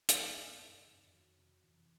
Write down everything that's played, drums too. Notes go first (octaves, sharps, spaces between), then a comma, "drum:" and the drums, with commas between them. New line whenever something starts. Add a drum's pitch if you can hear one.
F2 F#3, drum: hi-hat
F#2
F2 B3
F#2
F2 C#3
F#2
F2
D#3
F#2
F2
F#3
C3
F2 E3